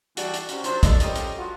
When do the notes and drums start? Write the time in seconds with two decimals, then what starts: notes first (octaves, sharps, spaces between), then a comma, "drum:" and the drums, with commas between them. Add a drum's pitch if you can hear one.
0.17 E3 G3 D4 F#4, drum: hi-hat
0.34 drum: hi-hat
0.49 C3 C#4 F#4, drum: hi-hat
0.64 F#3 D4 F4 C5, drum: hi-hat
0.83 G2 A3 D4 D#4 D#5 E5, drum: kick, hi-hat
1.00 F2 G3 C#4 A#4 D#5, drum: hi-hat
1.16 drum: hi-hat
1.38 G2 F4 F#4